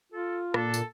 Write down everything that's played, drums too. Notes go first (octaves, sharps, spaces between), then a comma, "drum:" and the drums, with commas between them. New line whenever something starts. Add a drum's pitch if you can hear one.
F4 A4
A#2 D4 A4, drum: rim click
drum: tambourine